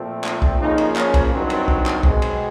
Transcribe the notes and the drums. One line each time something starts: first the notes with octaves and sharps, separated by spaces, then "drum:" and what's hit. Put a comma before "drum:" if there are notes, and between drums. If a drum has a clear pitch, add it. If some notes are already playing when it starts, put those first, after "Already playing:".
Already playing: A#2 F3 A3 C4
drum: clap
drum: kick B1
C#3 F3 A#3 D#4
drum: cymbal
C#4, drum: clap
drum: kick B1, cymbal
G2 D#3 F#3 C4
drum: cymbal
drum: kick B1
drum: clap
B2 G#3 C4, drum: kick B1
drum: cymbal